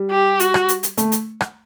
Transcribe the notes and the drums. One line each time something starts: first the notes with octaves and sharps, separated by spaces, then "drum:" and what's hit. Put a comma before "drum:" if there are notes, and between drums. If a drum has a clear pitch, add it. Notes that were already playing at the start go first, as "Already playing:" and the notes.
Already playing: G3
G4
F#4, drum: hi-hat
drum: rim click
drum: hi-hat
drum: hi-hat
A3, drum: hi-hat
drum: hi-hat
drum: rim click